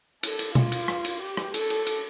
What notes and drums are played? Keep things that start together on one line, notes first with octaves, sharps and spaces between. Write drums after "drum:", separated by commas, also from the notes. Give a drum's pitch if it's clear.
A4, drum: cymbal
drum: cymbal
F4, drum: tom
drum: cymbal
drum: rim click
drum: cymbal
G4
drum: rim click
A4, drum: cymbal
drum: cymbal
drum: cymbal